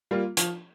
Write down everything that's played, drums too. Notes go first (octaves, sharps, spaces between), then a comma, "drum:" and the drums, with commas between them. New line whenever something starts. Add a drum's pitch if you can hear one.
G3 A#3 F4
F3, drum: hi-hat